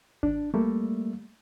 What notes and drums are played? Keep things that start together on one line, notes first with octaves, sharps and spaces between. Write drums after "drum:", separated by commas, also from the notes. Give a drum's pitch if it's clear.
D4, drum: kick G#1
G3 A3 A#3